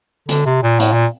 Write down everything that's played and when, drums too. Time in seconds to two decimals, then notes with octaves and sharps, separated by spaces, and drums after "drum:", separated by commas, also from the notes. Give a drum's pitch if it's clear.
0.29 D3, drum: hi-hat
0.46 C3
0.63 A#2
0.80 A2, drum: hi-hat
0.93 A#2